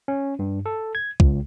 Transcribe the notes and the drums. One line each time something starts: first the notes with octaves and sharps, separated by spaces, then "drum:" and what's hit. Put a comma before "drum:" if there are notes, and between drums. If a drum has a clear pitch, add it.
C#4
G2
A4
G#6
C#2, drum: kick C2